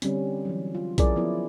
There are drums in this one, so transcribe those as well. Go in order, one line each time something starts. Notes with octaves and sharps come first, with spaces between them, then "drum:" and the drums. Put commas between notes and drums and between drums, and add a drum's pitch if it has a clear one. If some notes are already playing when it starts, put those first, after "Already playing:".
D3 G3 C4 C#4, drum: hi-hat
E3 F#3
F4
F#3 C#4 E4 G#4 A#4 D5, drum: kick A#1, hi-hat
F3 B3 E4